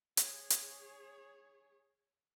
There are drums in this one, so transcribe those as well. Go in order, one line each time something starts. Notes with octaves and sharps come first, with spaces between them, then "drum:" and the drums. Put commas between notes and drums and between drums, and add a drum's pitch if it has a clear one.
G#4 C#5, drum: hi-hat
drum: hi-hat